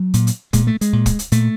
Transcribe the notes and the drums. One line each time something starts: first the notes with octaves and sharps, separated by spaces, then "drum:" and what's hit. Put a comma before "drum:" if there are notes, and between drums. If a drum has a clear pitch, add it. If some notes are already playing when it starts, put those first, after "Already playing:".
Already playing: F#3
A#2, drum: hi-hat
drum: hi-hat
A#2 G#3, drum: kick, hi-hat
A3
G#3, drum: hi-hat
A#2
drum: kick, hi-hat
drum: hi-hat
A#2 A3, drum: hi-hat